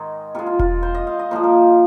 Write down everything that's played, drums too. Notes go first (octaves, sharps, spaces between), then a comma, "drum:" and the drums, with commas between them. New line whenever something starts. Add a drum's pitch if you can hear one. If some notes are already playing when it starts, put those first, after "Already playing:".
Already playing: G#2 D#3 G#3 D#5
C3 G#3 F4
F4
F4, drum: kick E1
C5
D#5
F5
D#5
A#2 F3 G#3 C5
A#4